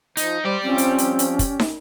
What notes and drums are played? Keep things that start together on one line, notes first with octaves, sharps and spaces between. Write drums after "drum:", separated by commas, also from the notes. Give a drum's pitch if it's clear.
F3 D#4, drum: hi-hat
G3 G4 C5 D5
F3 C4 C#4
drum: hi-hat
drum: hi-hat
drum: hi-hat
drum: kick, hi-hat
drum: snare